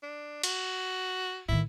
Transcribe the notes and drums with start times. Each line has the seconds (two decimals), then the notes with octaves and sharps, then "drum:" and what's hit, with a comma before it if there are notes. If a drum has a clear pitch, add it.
0.03 D4
0.43 F#4, drum: cymbal
1.49 A2 D#3 E4